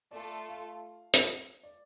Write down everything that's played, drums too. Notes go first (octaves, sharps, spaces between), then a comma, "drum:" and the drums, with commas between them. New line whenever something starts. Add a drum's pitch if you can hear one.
A3 F4 A4 D5
F5
drum: hi-hat
D5